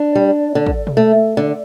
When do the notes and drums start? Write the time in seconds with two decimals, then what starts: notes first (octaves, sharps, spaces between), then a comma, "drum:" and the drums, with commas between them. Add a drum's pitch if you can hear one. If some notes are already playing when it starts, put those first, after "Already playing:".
Already playing: D4
0.15 G3
0.55 D3
0.66 drum: kick
0.87 drum: tom B2
0.97 A3
1.37 D3